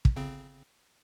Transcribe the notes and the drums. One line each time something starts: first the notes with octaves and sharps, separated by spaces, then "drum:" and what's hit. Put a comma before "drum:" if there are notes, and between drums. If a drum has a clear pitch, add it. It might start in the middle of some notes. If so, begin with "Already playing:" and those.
drum: kick
G1 C#3 C4